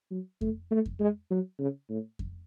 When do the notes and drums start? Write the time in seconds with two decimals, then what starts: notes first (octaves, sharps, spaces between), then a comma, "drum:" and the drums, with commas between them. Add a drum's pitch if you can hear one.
0.11 F#3
0.41 A3, drum: kick F2
0.71 A3
0.86 drum: kick F2
1.00 G#3
1.31 F#3
1.59 C#3
1.90 A2
2.19 drum: kick F2